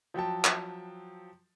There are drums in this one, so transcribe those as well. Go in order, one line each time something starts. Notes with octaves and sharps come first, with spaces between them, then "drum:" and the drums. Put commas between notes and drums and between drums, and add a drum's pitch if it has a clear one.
F3 F#3 G5 A5
drum: clap